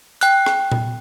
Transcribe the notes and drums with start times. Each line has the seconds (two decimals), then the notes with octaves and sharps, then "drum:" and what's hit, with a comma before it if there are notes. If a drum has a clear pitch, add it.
0.21 G5 F#6, drum: hi-hat
0.46 drum: rim click
0.72 drum: tom A#2